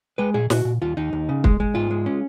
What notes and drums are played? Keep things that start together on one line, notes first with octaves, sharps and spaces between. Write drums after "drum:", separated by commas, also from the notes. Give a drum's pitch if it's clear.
G#3 B4
A#2 G#4
A#2 F#4, drum: snare
A#2
D#2 F4
D#2 D#4
D#2
C#3
G#3, drum: kick
G#3
G#2 F4
G#3
C#4